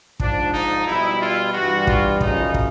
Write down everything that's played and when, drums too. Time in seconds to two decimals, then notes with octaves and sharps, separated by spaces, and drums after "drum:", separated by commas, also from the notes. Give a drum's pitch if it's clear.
0.20 G#2 F3 D4, drum: kick
0.53 D#4
0.86 B2 G3 E4
1.20 F4
1.53 G2 E3 G3 F#4
1.87 F4, drum: kick
2.21 F#2 C#3 F3 D#4, drum: kick
2.54 drum: kick